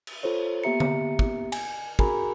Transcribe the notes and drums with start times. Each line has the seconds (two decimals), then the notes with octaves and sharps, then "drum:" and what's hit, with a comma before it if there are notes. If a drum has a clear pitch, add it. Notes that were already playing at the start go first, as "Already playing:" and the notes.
0.07 drum: cymbal
0.23 F4 A4 C5 C#5
0.64 A#3 B3 G4 E5 A#5 C#7
0.80 drum: tom D3
1.19 drum: kick
1.52 G#5, drum: cymbal
1.99 F#4 G#4 A#4 G#5 A#5 B5, drum: kick